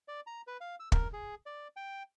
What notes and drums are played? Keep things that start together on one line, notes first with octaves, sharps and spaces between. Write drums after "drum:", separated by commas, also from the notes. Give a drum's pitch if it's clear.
D5
A#5
B4
F5
E6
A#4, drum: kick
G#4
D5
G5